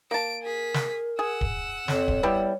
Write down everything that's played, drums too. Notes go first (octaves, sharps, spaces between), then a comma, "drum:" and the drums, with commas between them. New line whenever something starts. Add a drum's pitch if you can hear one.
A#3 A5 D7
G#4 A#4 B6
drum: snare
G#4 F#5 E6
drum: kick
F2 C#5, drum: snare
drum: kick
G3 B3 E4 G4